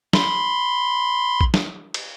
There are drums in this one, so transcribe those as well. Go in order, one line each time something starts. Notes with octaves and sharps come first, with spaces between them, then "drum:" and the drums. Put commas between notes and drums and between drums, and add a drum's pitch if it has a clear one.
B5 C6, drum: snare
drum: kick
drum: snare
drum: cymbal